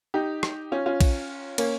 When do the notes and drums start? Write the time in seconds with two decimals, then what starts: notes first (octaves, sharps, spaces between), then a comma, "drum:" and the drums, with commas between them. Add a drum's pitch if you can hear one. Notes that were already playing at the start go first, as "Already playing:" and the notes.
0.14 D#4 G4
0.43 drum: rim click
0.72 C#4 F4
0.86 C#4 F4
1.01 drum: kick A#1, cymbal
1.58 A#3 C#4, drum: cymbal